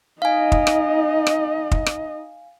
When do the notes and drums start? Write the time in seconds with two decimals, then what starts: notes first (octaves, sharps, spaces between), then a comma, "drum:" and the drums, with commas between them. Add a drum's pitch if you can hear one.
0.22 D#4 D#5 F5 G#5
0.52 drum: kick
0.67 drum: rim click
1.27 drum: rim click
1.71 drum: kick
1.86 drum: rim click